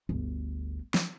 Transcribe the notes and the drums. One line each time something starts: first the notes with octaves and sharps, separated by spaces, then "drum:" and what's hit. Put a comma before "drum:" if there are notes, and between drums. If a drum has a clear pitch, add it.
G1 D2
drum: snare